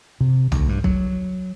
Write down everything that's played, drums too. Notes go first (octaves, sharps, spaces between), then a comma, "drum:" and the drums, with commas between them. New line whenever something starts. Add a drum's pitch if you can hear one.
C3
D2, drum: tom B1
G2
F#3, drum: kick B1